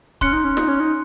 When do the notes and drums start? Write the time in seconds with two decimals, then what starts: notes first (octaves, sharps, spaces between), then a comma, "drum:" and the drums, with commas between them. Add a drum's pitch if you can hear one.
0.21 C#4 C6 F#6 C#7, drum: kick, hi-hat
0.33 D#4
0.44 C#4
0.57 D#4, drum: snare
0.68 C#4
0.80 D#4